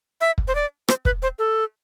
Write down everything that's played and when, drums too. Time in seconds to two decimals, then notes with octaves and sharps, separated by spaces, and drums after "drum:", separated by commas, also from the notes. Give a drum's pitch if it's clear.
0.21 E5
0.38 drum: kick
0.48 C5
0.55 D5
0.88 C5, drum: rim click
1.05 B4, drum: kick
1.23 C5
1.39 A4